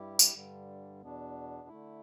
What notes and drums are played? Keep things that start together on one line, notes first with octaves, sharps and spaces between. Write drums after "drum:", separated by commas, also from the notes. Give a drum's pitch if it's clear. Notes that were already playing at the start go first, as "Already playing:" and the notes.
Already playing: G2 G3 E4 G4
drum: tambourine
G2 D3 G3
E2 B2 B3 D4
D3 A3 E4